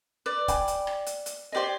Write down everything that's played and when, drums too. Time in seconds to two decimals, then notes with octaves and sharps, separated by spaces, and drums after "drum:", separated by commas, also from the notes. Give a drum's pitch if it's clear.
0.26 B4 D5
0.48 G5 G#5 B5, drum: kick, hi-hat
0.68 drum: hi-hat
0.87 drum: rim click
1.06 drum: hi-hat
1.26 drum: hi-hat
1.52 G4 C5 D5 D#5 G#5